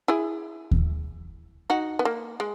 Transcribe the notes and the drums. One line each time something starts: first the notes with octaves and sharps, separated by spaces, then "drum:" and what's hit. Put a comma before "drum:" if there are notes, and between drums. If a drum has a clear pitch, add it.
E4 G#4
drum: kick D#2
D#4 F#4
B3
A#3
G#3